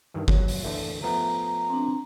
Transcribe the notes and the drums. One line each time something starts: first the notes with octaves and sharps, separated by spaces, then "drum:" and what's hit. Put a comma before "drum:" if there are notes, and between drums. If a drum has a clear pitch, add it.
G2 D#3 E3
F#3, drum: kick G1
drum: open hi-hat
D3 E3 A3
F3 A3 B3 A#5
C4 D4